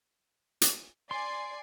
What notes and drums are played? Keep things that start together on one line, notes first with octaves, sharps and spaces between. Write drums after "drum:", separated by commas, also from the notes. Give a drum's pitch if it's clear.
drum: hi-hat
D5 G#5 C6 C7